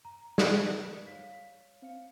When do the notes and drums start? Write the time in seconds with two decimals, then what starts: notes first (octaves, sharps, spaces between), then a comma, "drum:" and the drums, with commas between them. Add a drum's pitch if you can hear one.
0.05 A#5
0.38 B4, drum: snare
1.07 C#5 F5 B6
1.82 C4 F5 C#7